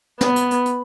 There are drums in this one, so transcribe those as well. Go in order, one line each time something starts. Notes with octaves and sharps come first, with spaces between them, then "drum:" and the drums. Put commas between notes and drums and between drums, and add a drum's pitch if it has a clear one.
B3, drum: snare
drum: hi-hat
drum: hi-hat
drum: hi-hat